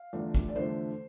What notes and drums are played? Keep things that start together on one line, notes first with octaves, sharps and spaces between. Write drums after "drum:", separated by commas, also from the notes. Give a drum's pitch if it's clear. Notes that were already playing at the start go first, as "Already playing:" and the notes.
Already playing: F5
E2 D3 F3 A3 D4
drum: kick
D5
E2 D3 F3 A3 D4 C5